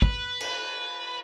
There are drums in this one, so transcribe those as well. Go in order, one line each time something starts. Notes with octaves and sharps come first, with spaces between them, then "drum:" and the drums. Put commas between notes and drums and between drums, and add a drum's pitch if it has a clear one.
B4, drum: kick
drum: cymbal